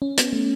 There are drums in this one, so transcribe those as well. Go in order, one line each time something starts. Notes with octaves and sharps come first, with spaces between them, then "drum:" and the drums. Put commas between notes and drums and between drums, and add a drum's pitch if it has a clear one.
C#4
B3, drum: hi-hat
A3